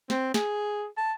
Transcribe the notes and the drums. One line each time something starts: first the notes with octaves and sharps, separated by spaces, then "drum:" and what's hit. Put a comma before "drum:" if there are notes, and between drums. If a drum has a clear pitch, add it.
C4, drum: snare
G#4, drum: snare
A5